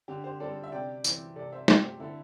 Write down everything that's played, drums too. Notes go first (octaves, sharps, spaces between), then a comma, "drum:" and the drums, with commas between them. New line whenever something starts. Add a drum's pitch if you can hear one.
D3 G4
G4 C5
G3 C4 A4 D5
E5
C3 D5 G5
E3 C4, drum: tambourine
C3 A4 D5
C5 E5
A3 C4 G4 C5, drum: snare
G4 C5
D3 E4 A4